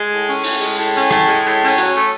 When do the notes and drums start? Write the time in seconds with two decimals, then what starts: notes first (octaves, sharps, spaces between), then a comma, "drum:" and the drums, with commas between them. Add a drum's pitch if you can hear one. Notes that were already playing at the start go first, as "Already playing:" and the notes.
Already playing: G#3
0.10 A2
0.27 C#4
0.44 A2, drum: open hi-hat
0.61 G#3
0.78 A2
0.94 C#4
1.11 A2, drum: rim click
1.28 G#3
1.44 A2
1.62 C#4
1.78 F#3, drum: hi-hat
1.95 A3